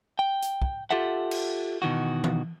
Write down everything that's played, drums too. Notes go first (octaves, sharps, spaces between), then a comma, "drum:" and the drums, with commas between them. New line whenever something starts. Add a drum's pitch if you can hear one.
G5
drum: hi-hat
drum: kick
F4 G4 A4 E5 F#5
drum: cymbal
B2 D#3 E3 F#4
drum: tom E3